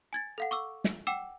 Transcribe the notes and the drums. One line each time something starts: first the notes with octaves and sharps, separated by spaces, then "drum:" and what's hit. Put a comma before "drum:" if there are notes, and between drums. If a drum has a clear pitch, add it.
G#5 G#6 A6
A4 F5 F#5
C#6 D6 E6
drum: snare
F#5 G5 D6 E6 E7